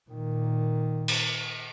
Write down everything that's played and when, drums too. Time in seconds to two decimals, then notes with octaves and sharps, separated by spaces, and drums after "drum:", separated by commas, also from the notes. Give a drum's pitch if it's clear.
0.10 A#2 D#3
1.08 drum: cymbal